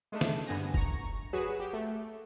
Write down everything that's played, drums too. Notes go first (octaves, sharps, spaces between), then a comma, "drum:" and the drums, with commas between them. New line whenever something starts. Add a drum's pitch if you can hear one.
G#3 A3 D4
drum: snare
G2 D3 B3 G#5 A#6
A#5 C#6, drum: kick F1
F#3 F#4 G#4 B4 E7
G4
A3